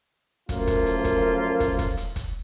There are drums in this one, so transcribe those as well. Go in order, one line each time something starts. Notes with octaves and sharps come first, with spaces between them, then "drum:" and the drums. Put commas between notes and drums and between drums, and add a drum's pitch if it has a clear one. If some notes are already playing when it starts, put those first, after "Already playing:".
F#2 F3 A3 A#3 F4, drum: kick, hi-hat
drum: kick, hi-hat
drum: hi-hat
drum: kick, hi-hat
drum: kick, hi-hat
drum: kick, hi-hat
drum: hi-hat
drum: kick, hi-hat